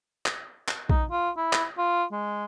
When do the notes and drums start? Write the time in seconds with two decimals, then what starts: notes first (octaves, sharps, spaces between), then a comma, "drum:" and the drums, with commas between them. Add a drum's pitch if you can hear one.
0.26 drum: clap
0.68 drum: clap
0.89 D#4, drum: kick A#1
1.11 F4
1.37 E4
1.53 drum: clap
1.78 F4
2.12 G#3